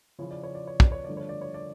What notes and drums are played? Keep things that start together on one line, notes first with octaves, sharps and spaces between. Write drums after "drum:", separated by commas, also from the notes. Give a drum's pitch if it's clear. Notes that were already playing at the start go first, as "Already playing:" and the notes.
C#3 F3 C#4 E4 C#5
D5
C#5
D5
C#5
D5, drum: kick
C#5
G2 D3 F3 A3 D4 D5
C#5
D5
C#5
D5